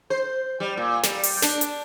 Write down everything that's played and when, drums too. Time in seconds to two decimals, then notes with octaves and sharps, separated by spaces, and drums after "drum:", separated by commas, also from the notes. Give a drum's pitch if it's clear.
0.10 C5
0.60 G3
0.77 A#2
1.03 G3, drum: snare
1.23 drum: open hi-hat
1.42 D4, drum: snare
1.61 drum: hi-hat